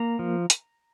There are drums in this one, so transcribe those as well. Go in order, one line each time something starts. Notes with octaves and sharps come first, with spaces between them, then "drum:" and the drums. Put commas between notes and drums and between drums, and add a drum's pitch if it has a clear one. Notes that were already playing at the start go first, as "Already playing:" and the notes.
Already playing: A#3 A#5
F3
drum: hi-hat